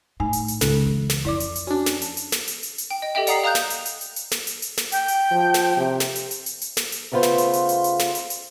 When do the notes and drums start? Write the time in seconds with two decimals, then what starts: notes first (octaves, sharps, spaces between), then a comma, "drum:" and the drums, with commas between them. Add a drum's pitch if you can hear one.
0.20 A2 D#4 G#5
0.33 drum: hi-hat
0.48 drum: hi-hat
0.61 C#2 A4, drum: snare
0.86 E3
1.10 drum: snare
1.25 F2 E4 D5 D6
1.40 drum: hi-hat
1.56 drum: hi-hat
1.67 C#4 D4 F#4
1.86 drum: snare
2.02 drum: hi-hat
2.17 drum: hi-hat
2.32 drum: snare
2.48 drum: hi-hat
2.63 drum: hi-hat
2.78 drum: hi-hat
2.91 G5
3.02 D#5
3.15 G4 A4 D#5 E5 G5
3.27 D5 F#5 A#5 D#6 C7, drum: hi-hat
3.44 F5 A#5 D#6 F#6 G6
3.55 drum: snare
3.70 drum: hi-hat
3.86 drum: hi-hat
4.01 drum: hi-hat
4.16 drum: hi-hat
4.32 drum: snare
4.47 drum: hi-hat
4.62 drum: hi-hat
4.77 drum: snare
4.92 G5, drum: hi-hat
5.08 drum: hi-hat
5.31 F3
5.54 drum: snare
5.77 C3
6.00 drum: snare
6.15 drum: hi-hat
6.31 drum: hi-hat
6.46 drum: hi-hat
6.61 drum: hi-hat
6.77 drum: snare
6.92 drum: hi-hat
7.12 C#3 A3 B3 F4 C5
7.23 drum: snare
7.38 drum: hi-hat
7.53 drum: hi-hat
7.69 drum: hi-hat
7.84 drum: hi-hat
7.99 drum: snare
8.15 drum: hi-hat
8.30 drum: hi-hat